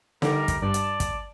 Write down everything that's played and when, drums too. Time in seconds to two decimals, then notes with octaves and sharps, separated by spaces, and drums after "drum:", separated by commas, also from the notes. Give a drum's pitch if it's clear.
0.22 D3 G3 A#4, drum: snare
0.48 drum: kick, hi-hat
0.62 G2 D5 A5
0.74 drum: hi-hat
1.00 drum: kick, hi-hat